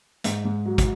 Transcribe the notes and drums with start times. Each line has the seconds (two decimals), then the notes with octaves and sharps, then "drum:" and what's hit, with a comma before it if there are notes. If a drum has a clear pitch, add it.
0.24 G#2 G#3, drum: hi-hat
0.44 G#2 G#3
0.65 F#3
0.78 drum: kick, hi-hat